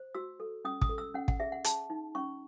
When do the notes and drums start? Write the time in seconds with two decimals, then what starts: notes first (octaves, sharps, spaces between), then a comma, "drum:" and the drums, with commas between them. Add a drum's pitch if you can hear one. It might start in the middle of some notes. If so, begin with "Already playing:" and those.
Already playing: C5
0.15 F#4 E6
0.40 A4
0.65 C#4 D#6
0.81 D#6, drum: kick
0.89 A4
0.98 E6
1.14 C#4 F#5
1.28 F#5, drum: kick
1.40 G#4 E5
1.52 F#5
1.64 G#4 A5, drum: hi-hat
1.90 D#4
2.15 C#4 C#6